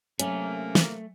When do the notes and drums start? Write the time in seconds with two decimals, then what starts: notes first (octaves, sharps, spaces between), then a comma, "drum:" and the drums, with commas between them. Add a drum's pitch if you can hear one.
0.19 C3 F#3 A3 A#3 C#4, drum: hi-hat
0.75 drum: snare